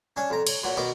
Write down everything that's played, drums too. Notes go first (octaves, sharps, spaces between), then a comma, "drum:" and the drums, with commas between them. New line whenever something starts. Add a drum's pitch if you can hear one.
C#4 D4 G#5
F2 A#5
C#5, drum: cymbal
A#2 F#3
B2 D#3 D#5 D6